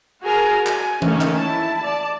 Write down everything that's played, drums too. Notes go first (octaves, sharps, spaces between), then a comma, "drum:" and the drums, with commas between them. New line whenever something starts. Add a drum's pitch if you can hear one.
F#4 G#4 A#4 G#5 A#5
G#5, drum: clap
D#3 A3 A#3 C#4, drum: tom E3
drum: clap
E4 A5
D5 A5